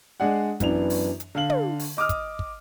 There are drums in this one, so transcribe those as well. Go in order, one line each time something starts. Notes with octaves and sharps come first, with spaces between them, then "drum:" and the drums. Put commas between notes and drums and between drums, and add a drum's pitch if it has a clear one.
G#3 D4 G#4 D5 F#5
F#2 E3 B3 D4 F7, drum: kick, hi-hat
drum: open hi-hat
drum: hi-hat
D3 F5 F#7
drum: tom
drum: open hi-hat
D#5 D6 D#6 F6
drum: kick, hi-hat
drum: kick